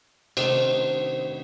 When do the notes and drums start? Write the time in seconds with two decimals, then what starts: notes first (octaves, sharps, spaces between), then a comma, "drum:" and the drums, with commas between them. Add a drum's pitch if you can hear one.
0.37 C3 D#3 A3 C5, drum: cymbal